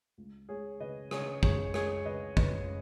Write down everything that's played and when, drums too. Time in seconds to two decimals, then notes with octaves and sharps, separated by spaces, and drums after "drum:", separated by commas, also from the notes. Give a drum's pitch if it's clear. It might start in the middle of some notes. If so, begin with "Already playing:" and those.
0.18 C#2
0.49 C#2 G#4 C#5
0.80 C#3 B4 D#5
1.11 C#3 G#4 C#5, drum: rim click
1.43 C#2 G#4 C#5, drum: kick
1.74 C#2 G#4 C#5, drum: rim click
2.05 C#3 B4 D#5
2.37 C#3 B4 D#5, drum: kick